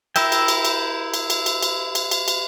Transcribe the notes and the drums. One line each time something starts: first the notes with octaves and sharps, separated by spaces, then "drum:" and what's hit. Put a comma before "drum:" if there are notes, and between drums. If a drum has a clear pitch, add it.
E4 A#4 E5 G5, drum: cymbal
drum: cymbal
drum: cymbal
drum: cymbal
drum: cymbal
drum: cymbal
drum: cymbal
drum: cymbal
drum: cymbal
drum: cymbal
drum: cymbal